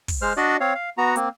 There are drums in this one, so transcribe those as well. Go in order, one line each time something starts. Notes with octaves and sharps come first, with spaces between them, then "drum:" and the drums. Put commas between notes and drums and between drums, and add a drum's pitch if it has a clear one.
drum: kick, open hi-hat
G#3 C5 F6
D4 F#4 D5 D#5
C4 C#5 F5
F5
B3 F#4 A#5
A#3 C4, drum: hi-hat